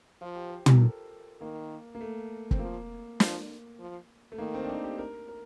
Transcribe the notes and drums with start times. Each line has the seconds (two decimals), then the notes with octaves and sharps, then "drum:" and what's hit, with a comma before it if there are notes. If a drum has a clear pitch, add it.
0.21 F3 F4
0.35 G4
0.50 C5
0.66 A#4, drum: tom
0.81 A4
1.41 D#3 A#3
1.95 A#3
2.01 A3
2.51 C4, drum: kick
2.59 F3 A#3
3.20 F3, drum: snare
3.79 F3
4.32 A3
4.38 D#3 A#3
4.54 C4
4.64 D4
4.69 D#4
4.84 G4
4.98 A#4
5.28 A#4